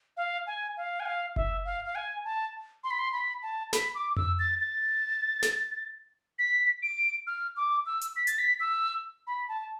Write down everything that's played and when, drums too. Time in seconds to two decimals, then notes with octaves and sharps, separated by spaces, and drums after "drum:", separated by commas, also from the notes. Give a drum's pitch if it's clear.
0.17 F5
0.47 G#5
0.77 F5
1.00 G#5
1.06 F5
1.36 E5, drum: kick F#1
1.65 F5
1.85 F5
1.95 G#5
2.24 A5
2.84 C6
2.91 B5
2.99 C6
3.13 B5
3.43 A5
3.73 B5, drum: snare
3.95 D6
4.17 E6, drum: tom F2
4.39 A6
4.61 A6
5.43 drum: snare
6.39 B6
6.83 D7
7.27 F6
7.57 D6
7.86 E6
8.01 drum: hi-hat
8.16 B6
8.27 A6, drum: hi-hat
8.39 B6
8.60 E6
9.27 B5
9.48 A5